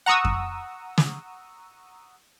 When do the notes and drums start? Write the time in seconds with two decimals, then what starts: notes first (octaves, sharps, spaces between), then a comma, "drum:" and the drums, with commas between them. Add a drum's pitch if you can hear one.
0.06 F#5 A#5 C#6 D#6 E6
0.25 drum: kick F2
0.98 drum: snare